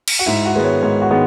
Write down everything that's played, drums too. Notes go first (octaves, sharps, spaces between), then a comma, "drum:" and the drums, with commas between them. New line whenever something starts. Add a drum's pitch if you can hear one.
drum: cymbal
F#4
G#2 E4
F#4
D#3 G#3 B3 B4
C#5
G#2 C#5
F#4
D#3 G#3 B3